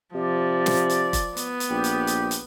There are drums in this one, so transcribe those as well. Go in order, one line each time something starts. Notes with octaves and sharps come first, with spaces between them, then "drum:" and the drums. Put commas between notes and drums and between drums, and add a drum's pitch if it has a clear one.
C3 F3 D5
drum: snare
drum: hi-hat
drum: kick F1, hi-hat
B3, drum: hi-hat
drum: hi-hat
A#1 G4
drum: hi-hat
drum: hi-hat
drum: hi-hat